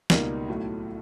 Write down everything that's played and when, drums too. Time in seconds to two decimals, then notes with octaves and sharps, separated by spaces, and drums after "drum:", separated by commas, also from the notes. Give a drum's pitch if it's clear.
0.10 C#2 B2 G3 A#3 D#4, drum: snare
0.48 B1 A2 F#3 A3